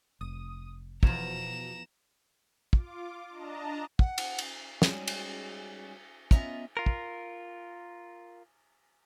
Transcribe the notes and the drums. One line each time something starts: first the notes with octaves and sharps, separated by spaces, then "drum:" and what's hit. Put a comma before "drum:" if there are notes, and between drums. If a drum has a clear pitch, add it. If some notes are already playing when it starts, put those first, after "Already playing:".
F1 D#6
E2 B2 F3 A#5 E7, drum: kick
F4 D6, drum: kick
D4 D#5 A5 A#5
F#5, drum: kick
drum: cymbal
drum: cymbal
G3 G#3 C#4 D#4 F#4 G#4, drum: snare
drum: cymbal
B3 C#4 F4 D#5 E5 A#5, drum: kick
F4 A#4
drum: kick